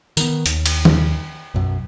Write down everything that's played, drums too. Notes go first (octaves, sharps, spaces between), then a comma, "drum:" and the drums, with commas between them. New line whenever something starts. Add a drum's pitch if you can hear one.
D#3 B3, drum: tambourine
D#2, drum: hi-hat
drum: cymbal
drum: tom D#3
B1 F#2